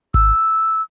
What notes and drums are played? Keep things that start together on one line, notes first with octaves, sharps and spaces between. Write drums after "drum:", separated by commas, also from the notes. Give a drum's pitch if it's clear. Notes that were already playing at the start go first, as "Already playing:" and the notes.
E6, drum: kick G#1